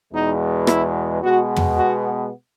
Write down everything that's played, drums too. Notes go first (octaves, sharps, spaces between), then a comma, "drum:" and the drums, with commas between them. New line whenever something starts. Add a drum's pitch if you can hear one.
E2 B2 G#3 B3 D#4
E4, drum: rim click
B2 G#3 B3 F#4
drum: tom
F#4